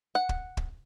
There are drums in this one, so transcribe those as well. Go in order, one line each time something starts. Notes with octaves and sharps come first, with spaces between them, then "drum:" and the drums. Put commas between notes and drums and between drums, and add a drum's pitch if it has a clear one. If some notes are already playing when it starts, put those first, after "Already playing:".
F#5
drum: kick
drum: kick